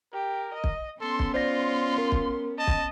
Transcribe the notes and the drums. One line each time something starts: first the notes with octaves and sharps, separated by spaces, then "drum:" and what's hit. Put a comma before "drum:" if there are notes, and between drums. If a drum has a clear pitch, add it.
G4 A#4
D#5
drum: kick
B3 C#4 A4 C6
drum: kick
F4 C5 D5 C6 A#6
A#4
drum: kick
D#5 A5
drum: kick